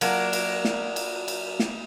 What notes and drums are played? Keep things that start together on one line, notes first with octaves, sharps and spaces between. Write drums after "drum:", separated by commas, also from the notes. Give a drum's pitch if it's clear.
F#3 A#3 D4 A#4, drum: cymbal
drum: cymbal
drum: snare
drum: cymbal
drum: cymbal
drum: snare